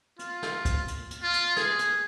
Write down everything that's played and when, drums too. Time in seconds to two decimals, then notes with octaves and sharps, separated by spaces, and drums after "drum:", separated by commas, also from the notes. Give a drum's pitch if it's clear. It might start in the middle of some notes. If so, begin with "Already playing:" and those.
0.19 F4, drum: hi-hat
0.42 drum: snare
0.65 drum: kick, hi-hat
0.88 drum: hi-hat
1.11 drum: hi-hat
1.23 F4
1.33 drum: hi-hat
1.57 G#4, drum: snare
1.79 drum: hi-hat